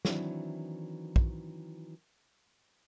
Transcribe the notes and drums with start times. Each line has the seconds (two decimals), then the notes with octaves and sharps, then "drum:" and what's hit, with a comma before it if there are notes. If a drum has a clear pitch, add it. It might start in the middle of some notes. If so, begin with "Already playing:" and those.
0.05 D#3 E3 F#3 C4 D4 E4, drum: snare
1.16 drum: kick